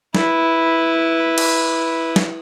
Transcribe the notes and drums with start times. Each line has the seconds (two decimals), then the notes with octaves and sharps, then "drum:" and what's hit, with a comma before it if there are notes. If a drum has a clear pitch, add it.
0.15 E4 B4, drum: snare
1.38 drum: cymbal
2.16 drum: snare